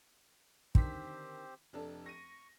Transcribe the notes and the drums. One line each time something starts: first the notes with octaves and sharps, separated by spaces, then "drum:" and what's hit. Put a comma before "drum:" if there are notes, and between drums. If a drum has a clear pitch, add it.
D3 D#3 C4 G4 C5 B6, drum: kick
F1 D4 A4
C#6 A#6 D#7